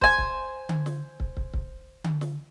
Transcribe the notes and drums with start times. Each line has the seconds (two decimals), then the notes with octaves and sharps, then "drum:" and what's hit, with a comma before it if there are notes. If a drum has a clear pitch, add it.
0.01 C5 G#5, drum: kick
0.18 drum: kick
0.69 drum: tom D3
0.86 drum: snare
1.20 drum: kick
1.37 drum: kick
1.54 drum: kick
2.04 drum: tom D3
2.21 drum: snare